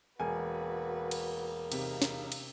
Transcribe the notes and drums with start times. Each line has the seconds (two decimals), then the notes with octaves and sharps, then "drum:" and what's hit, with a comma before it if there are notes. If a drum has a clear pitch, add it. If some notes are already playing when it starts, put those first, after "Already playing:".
0.20 E1 A#3 F#4 B4 G#5
1.11 drum: cymbal
1.72 C3 D#4 F5, drum: cymbal
2.02 drum: snare
2.32 drum: cymbal